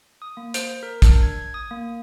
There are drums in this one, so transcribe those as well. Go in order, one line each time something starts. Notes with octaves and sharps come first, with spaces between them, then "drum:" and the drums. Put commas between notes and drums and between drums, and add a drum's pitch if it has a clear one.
D#6
A#3
C5, drum: hi-hat
A#4
D4, drum: kick, hi-hat
G#6
D#6
A#3